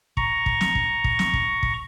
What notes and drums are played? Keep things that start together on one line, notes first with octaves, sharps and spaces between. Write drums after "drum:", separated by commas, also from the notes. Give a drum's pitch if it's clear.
A#5 C#6, drum: kick
drum: kick
drum: snare
drum: kick
drum: kick
drum: snare
drum: kick
drum: kick